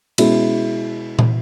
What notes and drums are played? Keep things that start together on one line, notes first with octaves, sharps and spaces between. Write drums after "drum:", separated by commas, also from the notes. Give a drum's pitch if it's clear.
B2 G#3 C#4 E4, drum: cymbal
drum: tom A#2